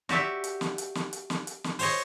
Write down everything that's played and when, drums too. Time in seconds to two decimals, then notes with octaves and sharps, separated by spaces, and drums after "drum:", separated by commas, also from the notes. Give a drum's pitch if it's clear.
0.09 F#4 G4 D5 E5, drum: snare
0.44 drum: hi-hat
0.61 drum: snare
0.78 drum: hi-hat
0.95 drum: snare
1.13 drum: hi-hat
1.30 drum: snare
1.47 drum: hi-hat
1.64 drum: snare
1.79 C5 C#5 D#5, drum: open hi-hat